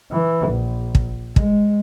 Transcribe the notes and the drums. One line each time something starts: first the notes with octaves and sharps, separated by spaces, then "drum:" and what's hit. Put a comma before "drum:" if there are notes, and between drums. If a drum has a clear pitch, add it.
E3
A#1
drum: kick
G#3, drum: kick